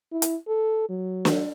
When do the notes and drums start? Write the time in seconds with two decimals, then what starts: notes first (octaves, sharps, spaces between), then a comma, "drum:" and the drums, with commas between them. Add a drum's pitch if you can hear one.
0.12 E4
0.22 drum: hi-hat
0.48 A4
0.89 F#3
1.25 drum: snare